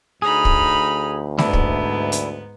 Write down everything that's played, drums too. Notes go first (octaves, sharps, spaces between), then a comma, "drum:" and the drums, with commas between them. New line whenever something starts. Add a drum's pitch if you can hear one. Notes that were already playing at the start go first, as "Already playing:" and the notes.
D2 D#4 G#4 B5 F6
drum: kick
G#2 B3 D4 E4, drum: snare A3
drum: kick
drum: hi-hat